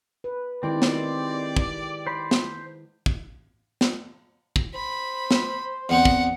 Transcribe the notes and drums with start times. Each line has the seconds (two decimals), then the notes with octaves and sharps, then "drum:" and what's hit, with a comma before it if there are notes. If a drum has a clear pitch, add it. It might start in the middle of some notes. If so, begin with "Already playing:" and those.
0.24 B4
0.63 D#3 G#3 C4 E4 G4 D5
0.82 drum: snare
1.57 drum: kick
2.07 C5 B5
2.31 drum: snare
3.06 drum: kick
3.81 drum: snare
4.56 drum: kick
4.75 C5 B5
5.31 drum: snare
5.89 E2 B3 C4 F#5
6.05 drum: kick